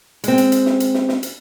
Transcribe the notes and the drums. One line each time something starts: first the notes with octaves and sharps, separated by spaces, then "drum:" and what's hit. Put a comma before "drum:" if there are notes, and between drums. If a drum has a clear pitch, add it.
G#3 C4, drum: hi-hat
drum: hi-hat
drum: hi-hat
drum: snare
drum: hi-hat
drum: snare
drum: snare
drum: hi-hat